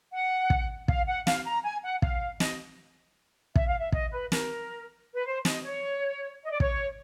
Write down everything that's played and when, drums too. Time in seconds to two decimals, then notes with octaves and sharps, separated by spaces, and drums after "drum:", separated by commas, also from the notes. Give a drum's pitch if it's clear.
0.12 F#5
0.50 drum: kick
0.88 F5, drum: kick
1.07 F#5
1.27 F5, drum: snare
1.46 A#5
1.64 G#5
1.83 F#5
2.02 F5, drum: kick
2.40 D#5, drum: snare
3.55 E5, drum: kick
3.67 F5
3.79 E5
3.92 D#5, drum: kick
4.12 B4
4.32 A#4, drum: snare
5.15 B4
5.26 C5
5.45 D#5, drum: snare
5.64 C#5
6.45 D#5
6.52 D5
6.60 C#5, drum: kick